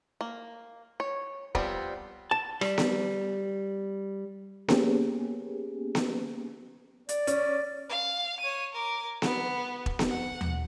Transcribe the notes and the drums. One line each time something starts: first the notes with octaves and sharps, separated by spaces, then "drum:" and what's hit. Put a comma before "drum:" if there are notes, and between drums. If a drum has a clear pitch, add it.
A#3
C#5
F3 G3 B3 C4, drum: kick E1
A5
G3, drum: rim click
drum: snare B3
A#3 B3 C#4 G4 G#4, drum: snare B3
drum: snare B3
D5, drum: hi-hat
C#4, drum: hi-hat
F5
C#5 D#7
A#4 D6
B3, drum: snare B3
drum: kick E1
drum: snare B3
F#5
drum: tom D#2